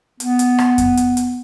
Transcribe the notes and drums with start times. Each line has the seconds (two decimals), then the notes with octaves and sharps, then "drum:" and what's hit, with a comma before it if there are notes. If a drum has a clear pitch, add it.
0.20 B3, drum: hi-hat
0.39 drum: hi-hat
0.58 drum: rim click
0.78 drum: kick F2, hi-hat
0.97 drum: hi-hat
1.17 drum: hi-hat